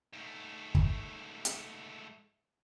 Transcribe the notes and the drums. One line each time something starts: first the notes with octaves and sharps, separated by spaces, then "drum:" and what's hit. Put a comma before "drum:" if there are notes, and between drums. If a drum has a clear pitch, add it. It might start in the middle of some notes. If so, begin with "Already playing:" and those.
G#2 A3
drum: kick
drum: hi-hat